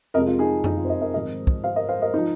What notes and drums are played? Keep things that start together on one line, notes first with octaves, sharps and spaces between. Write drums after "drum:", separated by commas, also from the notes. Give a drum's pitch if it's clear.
F2 C3 G#3 A#4 D#5
F4
D#4 G#4
D#4, drum: tom F#2
F4
C5
A#4 D#5
A#4 D#5
G#1 G#2 F3 C4 A#4 D#5
drum: kick
C5 F5
A#4 D#5
C5 F5
A#4 D#5
F3 D#4